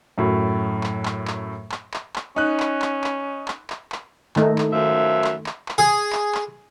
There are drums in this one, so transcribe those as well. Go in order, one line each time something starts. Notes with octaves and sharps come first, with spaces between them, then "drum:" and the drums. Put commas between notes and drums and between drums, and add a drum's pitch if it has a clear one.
F#2 A2 F#3
drum: clap
drum: clap
drum: clap
drum: clap
drum: clap
drum: clap
C#4 D#4 F#6
drum: clap
drum: clap
drum: clap
drum: clap
drum: clap
drum: clap
D#3 A3 D#4, drum: clap
drum: clap
F#2 F3 E5
drum: clap
drum: clap
drum: clap
G#4
drum: clap
drum: clap